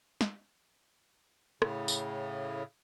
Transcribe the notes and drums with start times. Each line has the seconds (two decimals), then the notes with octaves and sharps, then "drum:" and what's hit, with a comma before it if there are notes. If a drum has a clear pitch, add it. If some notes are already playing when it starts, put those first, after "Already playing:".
0.21 drum: snare
1.62 A2 C#3, drum: rim click
1.88 drum: tambourine